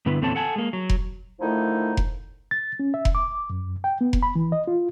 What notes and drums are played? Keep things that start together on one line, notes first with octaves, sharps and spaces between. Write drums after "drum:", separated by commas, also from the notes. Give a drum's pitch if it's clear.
G2 D3 B3 E4 B4
E2 A#2 C4 A4 C#5 A5
A4 F#5 G#5 A5
G#3 A#3
F#3
drum: kick F1
D3 D#3 F3 A3 D#4 E4
drum: kick F1
A6
C#4
E5
drum: kick F1
D6
F#2
G5
B3
drum: kick F1
B5
E3
D#5
F4